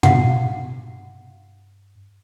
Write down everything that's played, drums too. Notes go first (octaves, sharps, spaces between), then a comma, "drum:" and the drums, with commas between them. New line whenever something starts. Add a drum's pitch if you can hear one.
G2 F5 F#5, drum: tom